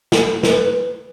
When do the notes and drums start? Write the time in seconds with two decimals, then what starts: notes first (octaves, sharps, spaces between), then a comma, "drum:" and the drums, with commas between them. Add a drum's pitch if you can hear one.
0.12 drum: snare
0.43 B4, drum: snare